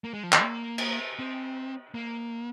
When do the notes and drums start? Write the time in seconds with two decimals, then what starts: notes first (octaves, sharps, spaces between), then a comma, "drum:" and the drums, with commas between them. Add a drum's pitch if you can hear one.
0.04 A#3
0.13 G#3
0.23 F3
0.32 D#3, drum: clap
0.42 A#3
0.78 drum: cymbal
1.19 C4
1.94 A#3